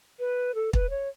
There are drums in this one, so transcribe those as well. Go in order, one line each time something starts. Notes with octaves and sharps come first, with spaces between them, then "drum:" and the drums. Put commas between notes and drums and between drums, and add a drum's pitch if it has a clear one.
B4
A4
B4, drum: kick
C#5